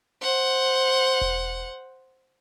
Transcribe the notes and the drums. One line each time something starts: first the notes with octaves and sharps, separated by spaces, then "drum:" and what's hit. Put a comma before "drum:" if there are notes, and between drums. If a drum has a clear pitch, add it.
C5 F#5
drum: kick E1